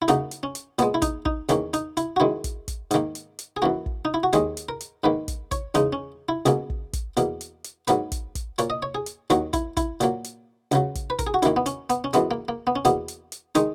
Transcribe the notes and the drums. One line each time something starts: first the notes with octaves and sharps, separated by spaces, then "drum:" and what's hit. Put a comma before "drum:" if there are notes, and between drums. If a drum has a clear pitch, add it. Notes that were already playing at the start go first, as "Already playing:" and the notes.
E4
F#2 C#3 F#3 A#3 D#4, drum: hi-hat
drum: hi-hat
C#4
drum: hi-hat
A#2 G#3 B3, drum: hi-hat
E4
D#4, drum: kick, hi-hat
D#4, drum: kick
E2 D#3 A#3 C#4, drum: hi-hat
D#4, drum: hi-hat
E4, drum: hi-hat
F#4
F#2 D#3 G#3 E4
drum: kick, hi-hat
drum: kick, hi-hat
G#2 D#3 A#3, drum: hi-hat
drum: hi-hat
drum: hi-hat
G#4
F#2 E3 A#3 F#4
drum: kick
D#4
E4
F#4
D#2 D#3 G#3 G#4, drum: hi-hat
drum: hi-hat
A#4
drum: hi-hat
G#2 D#3 A#3 B4
drum: kick, hi-hat
C#5, drum: kick, hi-hat
E2 C#3 G#3 D#4, drum: hi-hat
C#4
E4
C#2 B2 A#3 G#4, drum: hi-hat
drum: kick
drum: kick, hi-hat
E2 B2 A#3, drum: hi-hat
drum: hi-hat
drum: hi-hat
G#2 F#3 A#3 B4, drum: hi-hat
drum: kick, hi-hat
drum: kick, hi-hat
A#2 A#3 C#5, drum: hi-hat
D#5
C#5
G#4
drum: hi-hat
D#2 D#3 F#3 A#3 F#4, drum: hi-hat
E4, drum: kick, hi-hat
E4, drum: kick, hi-hat
A#2 F#3 A#3, drum: hi-hat
drum: hi-hat
C#2 C#3 F#3, drum: hi-hat
drum: kick, hi-hat
B4
A#4, drum: kick, hi-hat
G#4
F#4
F#2 D#3 A#3 E4, drum: hi-hat
B3
C#4, drum: hi-hat
B3, drum: hi-hat
C#4
F#2 E3 G#3 B3, drum: hi-hat
A#3
A#3
B3
C#4
E2 B2 A#3 B3, drum: hi-hat
drum: hi-hat
drum: hi-hat
D#3 G#3 D#4, drum: hi-hat